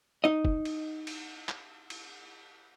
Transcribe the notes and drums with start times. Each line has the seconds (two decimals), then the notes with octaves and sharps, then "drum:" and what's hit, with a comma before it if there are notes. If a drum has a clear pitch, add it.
0.24 D#4 D#5
0.45 drum: kick
0.65 drum: cymbal
1.07 drum: cymbal
1.49 drum: clap
1.90 drum: cymbal